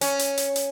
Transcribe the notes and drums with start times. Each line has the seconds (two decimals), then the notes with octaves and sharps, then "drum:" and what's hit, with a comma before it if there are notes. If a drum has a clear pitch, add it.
0.01 C#4, drum: hi-hat
0.19 drum: hi-hat
0.38 drum: hi-hat
0.56 drum: hi-hat